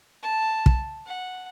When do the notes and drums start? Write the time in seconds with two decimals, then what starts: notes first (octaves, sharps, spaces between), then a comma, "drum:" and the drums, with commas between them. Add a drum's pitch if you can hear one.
0.22 A5
0.66 drum: kick
1.06 F#5